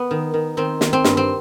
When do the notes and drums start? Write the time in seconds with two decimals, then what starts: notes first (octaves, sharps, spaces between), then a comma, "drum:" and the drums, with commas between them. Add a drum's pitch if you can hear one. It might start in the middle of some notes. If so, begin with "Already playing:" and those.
Already playing: B3
0.11 D#3
0.34 D#3
0.57 D#3 C4
0.81 D#3, drum: snare
0.93 C4
1.04 G2, drum: snare
1.17 C4